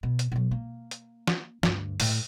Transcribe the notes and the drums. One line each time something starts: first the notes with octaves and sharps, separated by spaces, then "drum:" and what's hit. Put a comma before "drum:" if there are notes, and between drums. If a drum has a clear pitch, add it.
B2
drum: hi-hat
B2 F#3
A#3
drum: hi-hat
drum: snare
D2 G2, drum: snare
A2, drum: open hi-hat